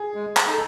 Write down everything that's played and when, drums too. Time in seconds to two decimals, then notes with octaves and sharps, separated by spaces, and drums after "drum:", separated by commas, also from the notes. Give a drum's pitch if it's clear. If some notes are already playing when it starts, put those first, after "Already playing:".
Already playing: G#4
0.15 G#3
0.37 drum: clap
0.47 D#4 A4